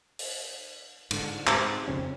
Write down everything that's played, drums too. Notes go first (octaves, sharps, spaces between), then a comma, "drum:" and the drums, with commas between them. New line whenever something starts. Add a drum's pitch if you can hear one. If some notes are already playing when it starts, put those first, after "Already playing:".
drum: open hi-hat
G#2 D3, drum: cymbal
G#2 C3, drum: clap
F2 C#3 C4 C#4